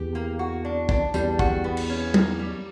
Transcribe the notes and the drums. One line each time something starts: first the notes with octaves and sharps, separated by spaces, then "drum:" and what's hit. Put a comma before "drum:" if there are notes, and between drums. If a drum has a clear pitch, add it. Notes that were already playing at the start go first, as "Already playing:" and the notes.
Already playing: E2 G4
A#3
F#4
D4
D4, drum: kick
E2 G3, drum: tambourine
F#4, drum: kick
B3
drum: cymbal
C#4
A#3, drum: tom F#3
G3